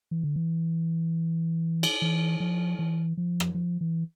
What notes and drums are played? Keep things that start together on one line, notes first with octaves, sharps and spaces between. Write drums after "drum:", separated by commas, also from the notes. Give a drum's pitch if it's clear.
E3
D3
E3
drum: cymbal
E3
F3
E3
F3
drum: rim click
F3
E3